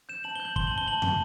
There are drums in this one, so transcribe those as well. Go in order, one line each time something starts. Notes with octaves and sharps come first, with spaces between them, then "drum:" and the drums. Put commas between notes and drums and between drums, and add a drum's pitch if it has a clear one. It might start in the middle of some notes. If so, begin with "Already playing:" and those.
G6 E7
A5 F#7
G6 G7
F#7
C6 G7, drum: kick
A5 F#7
G7
A5 F#7
A5, drum: tom